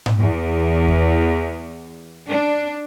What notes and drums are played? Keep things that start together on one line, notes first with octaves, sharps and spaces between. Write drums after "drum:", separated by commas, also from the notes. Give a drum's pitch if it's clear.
drum: tom G#2
E2
drum: kick E2
D4